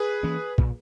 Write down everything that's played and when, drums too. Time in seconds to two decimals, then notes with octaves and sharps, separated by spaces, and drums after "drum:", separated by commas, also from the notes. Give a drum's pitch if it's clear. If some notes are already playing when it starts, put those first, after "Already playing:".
Already playing: G#4 B4
0.23 E3 A#3 C#4
0.58 A#2, drum: kick